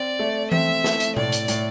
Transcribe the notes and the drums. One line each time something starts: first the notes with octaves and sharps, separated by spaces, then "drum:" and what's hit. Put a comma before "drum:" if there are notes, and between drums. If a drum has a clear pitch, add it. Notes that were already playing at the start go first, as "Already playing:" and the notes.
Already playing: C4 D5
A3
C4 E5, drum: tom E3
A3, drum: snare
drum: hi-hat
A2 D5, drum: tom B2
drum: hi-hat
A2, drum: hi-hat